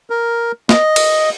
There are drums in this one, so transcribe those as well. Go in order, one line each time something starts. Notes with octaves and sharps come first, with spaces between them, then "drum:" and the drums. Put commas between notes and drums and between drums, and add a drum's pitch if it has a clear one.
A#4
D#5, drum: snare
drum: cymbal